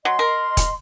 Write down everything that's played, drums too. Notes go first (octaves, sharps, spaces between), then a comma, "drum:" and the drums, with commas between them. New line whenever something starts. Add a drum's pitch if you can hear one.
F#3 D#5 C6
A#4
drum: kick E1, hi-hat